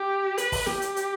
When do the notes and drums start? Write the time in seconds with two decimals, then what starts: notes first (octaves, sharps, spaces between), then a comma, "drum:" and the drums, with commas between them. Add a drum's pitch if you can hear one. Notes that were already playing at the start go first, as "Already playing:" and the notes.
Already playing: G4
0.38 B4, drum: hi-hat
0.52 drum: kick, open hi-hat
0.66 G4, drum: snare
0.82 drum: hi-hat
0.96 drum: hi-hat